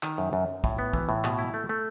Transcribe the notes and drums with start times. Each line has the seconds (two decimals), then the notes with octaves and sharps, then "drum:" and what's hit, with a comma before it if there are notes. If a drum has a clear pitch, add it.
0.03 D#3, drum: clap
0.18 F#2
0.33 F#2
0.48 F#2
0.64 A2, drum: kick
0.79 B3
0.93 E3, drum: kick
1.09 A2
1.24 B2, drum: clap
1.38 E4
1.54 A3
1.69 A3